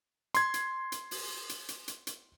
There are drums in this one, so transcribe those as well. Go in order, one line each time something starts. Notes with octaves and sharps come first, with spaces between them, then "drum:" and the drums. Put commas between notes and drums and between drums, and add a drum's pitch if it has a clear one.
C6 G#6, drum: hi-hat
drum: hi-hat
drum: hi-hat
drum: open hi-hat
drum: hi-hat
drum: hi-hat
drum: hi-hat
drum: hi-hat